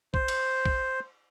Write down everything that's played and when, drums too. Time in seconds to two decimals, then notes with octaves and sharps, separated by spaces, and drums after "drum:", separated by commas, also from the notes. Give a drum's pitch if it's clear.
0.14 C5, drum: kick
0.28 drum: cymbal
0.66 drum: kick